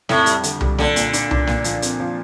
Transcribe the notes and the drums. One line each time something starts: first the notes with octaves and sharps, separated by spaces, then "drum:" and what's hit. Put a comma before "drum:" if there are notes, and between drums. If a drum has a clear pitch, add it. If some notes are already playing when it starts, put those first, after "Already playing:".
F2 A2, drum: snare
G3, drum: hi-hat
D3, drum: hi-hat
G3, drum: tom C2
A#2 D3, drum: snare
A#2, drum: hi-hat
D4, drum: hi-hat
D4, drum: tom C2
A#2, drum: snare
F3, drum: hi-hat
C4, drum: hi-hat
F3